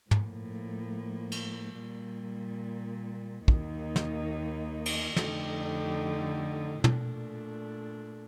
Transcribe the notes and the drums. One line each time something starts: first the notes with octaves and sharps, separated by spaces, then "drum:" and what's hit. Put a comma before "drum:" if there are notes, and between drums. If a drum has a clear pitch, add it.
A2 F3 A#3, drum: tom
drum: cymbal
A#2 G3 A#3
D#2 D#3 A#3 D#4, drum: kick
drum: snare
drum: cymbal
F2 D3 A3 D#4 G4, drum: snare
A#2 A3 D4, drum: tom